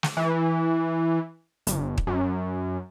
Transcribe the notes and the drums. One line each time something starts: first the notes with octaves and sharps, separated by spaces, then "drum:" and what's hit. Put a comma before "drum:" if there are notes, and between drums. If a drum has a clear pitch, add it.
drum: snare
E3
G1, drum: hi-hat
drum: kick
F#2